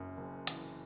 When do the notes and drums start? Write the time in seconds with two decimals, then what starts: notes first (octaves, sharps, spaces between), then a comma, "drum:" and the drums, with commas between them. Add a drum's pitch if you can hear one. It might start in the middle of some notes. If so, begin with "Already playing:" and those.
Already playing: F#1 F#2
0.17 F#1
0.47 E3, drum: hi-hat